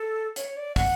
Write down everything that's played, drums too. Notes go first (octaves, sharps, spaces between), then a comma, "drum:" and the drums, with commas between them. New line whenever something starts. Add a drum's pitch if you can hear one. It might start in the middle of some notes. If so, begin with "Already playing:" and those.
Already playing: A4
C#5, drum: hi-hat
D5
F#5, drum: kick, open hi-hat